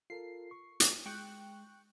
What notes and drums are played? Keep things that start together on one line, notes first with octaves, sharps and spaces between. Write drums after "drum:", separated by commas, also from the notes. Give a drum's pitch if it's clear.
F4 A4 A#4 C7
C#6
drum: hi-hat
G#3 G5 C#6 F#6